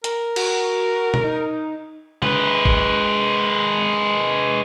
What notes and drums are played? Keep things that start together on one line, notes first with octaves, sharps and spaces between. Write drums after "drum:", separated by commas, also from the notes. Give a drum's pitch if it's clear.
A#4, drum: hi-hat
F#4, drum: cymbal
drum: tom
D#4
G#3 B4, drum: tom C#3
drum: kick